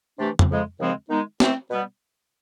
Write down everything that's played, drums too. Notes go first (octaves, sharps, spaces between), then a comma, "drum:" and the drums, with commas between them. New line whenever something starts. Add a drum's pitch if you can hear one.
C3 E3 A3 D4 G4
drum: tom F2
F2 C#3 F3 G#3
D#2 C#3 F3 G#3 C4
D#3 G#3 B3 D#4
E3 A3 C4, drum: snare
B2 G3 B3